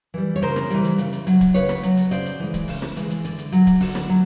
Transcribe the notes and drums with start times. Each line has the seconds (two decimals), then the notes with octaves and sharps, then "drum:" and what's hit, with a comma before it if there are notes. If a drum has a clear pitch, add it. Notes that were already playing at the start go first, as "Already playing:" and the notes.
0.14 E3 G3
0.36 C#5
0.42 C#3 A#4 C5
0.56 drum: snare
0.70 E3 G3, drum: hi-hat
0.84 drum: hi-hat
0.98 C#3, drum: hi-hat
1.13 drum: hi-hat
1.27 F#3, drum: hi-hat
1.41 drum: kick D1, hi-hat
1.54 C#3 B4 C#5
1.69 drum: snare
1.83 F#3, drum: hi-hat
1.97 drum: hi-hat
2.11 C#3 C5 D5, drum: hi-hat
2.26 drum: hi-hat
2.40 E3 G#3
2.54 drum: kick D1, hi-hat
2.68 C#3, drum: open hi-hat
2.82 drum: snare
2.96 E3 G#3, drum: hi-hat
3.10 drum: hi-hat
3.24 D3, drum: hi-hat
3.38 drum: hi-hat
3.52 F#3, drum: hi-hat
3.67 drum: kick D1, hi-hat
3.80 D3, drum: open hi-hat
3.95 drum: snare
4.09 F#3